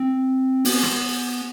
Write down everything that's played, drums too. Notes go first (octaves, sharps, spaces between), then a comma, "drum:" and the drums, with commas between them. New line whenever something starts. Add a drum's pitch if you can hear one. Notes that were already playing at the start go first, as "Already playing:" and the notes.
Already playing: C4
B3, drum: open hi-hat
drum: rim click